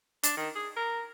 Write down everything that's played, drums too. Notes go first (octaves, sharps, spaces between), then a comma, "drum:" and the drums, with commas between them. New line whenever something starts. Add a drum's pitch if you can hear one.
D4, drum: hi-hat
D#3
G#4
A#4